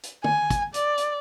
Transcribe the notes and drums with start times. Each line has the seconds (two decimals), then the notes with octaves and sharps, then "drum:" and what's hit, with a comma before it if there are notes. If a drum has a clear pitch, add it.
0.03 drum: hi-hat
0.24 G#5, drum: tom
0.50 drum: kick, hi-hat
0.74 D5, drum: hi-hat
0.98 drum: hi-hat